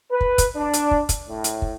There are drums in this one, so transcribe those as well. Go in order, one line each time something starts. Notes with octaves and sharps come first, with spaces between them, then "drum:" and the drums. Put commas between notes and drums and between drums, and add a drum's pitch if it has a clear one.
B4
drum: kick
drum: kick, hi-hat
D4
drum: hi-hat
drum: kick
drum: kick, hi-hat
A2
drum: hi-hat
drum: kick